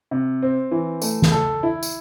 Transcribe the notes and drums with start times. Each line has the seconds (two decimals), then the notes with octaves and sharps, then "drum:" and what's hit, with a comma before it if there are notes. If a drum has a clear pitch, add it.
0.11 C3
0.42 C4
0.71 E3
1.02 A3, drum: tambourine
1.22 drum: snare
1.32 A4
1.63 E4
1.83 drum: tambourine